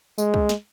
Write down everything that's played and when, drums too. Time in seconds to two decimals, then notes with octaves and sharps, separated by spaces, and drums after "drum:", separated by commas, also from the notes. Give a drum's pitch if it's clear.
0.18 G#3, drum: tambourine
0.34 drum: kick
0.49 drum: snare